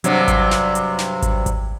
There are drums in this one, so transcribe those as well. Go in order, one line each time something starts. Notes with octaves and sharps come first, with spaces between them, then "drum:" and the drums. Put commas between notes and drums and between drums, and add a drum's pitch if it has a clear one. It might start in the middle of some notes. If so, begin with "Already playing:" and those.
G2 C3 F#3, drum: hi-hat
drum: kick G#1, hi-hat
drum: snare
drum: hi-hat
drum: snare
drum: kick G#1, hi-hat
drum: kick G#1, hi-hat